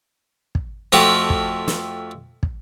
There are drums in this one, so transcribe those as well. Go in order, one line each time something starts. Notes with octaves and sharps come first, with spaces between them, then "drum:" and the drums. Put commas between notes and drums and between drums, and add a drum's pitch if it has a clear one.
drum: kick
F2 F3 A3 F#4 G4 G5
drum: kick
drum: snare
drum: kick